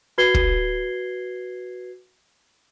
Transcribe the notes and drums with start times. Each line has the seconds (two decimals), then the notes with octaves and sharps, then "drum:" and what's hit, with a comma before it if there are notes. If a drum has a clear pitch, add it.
0.18 F#4 B4 G#6 C7 G7
0.34 drum: kick